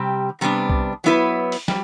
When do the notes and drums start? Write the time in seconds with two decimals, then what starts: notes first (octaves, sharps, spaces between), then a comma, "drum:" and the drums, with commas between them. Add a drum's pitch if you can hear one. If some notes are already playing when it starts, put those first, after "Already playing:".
Already playing: C3 G3 C4 G4
0.41 C3 G3 B3 D4
0.70 drum: kick B1
1.04 F#3 B3 E4 B4
1.52 drum: open hi-hat
1.68 G3, drum: snare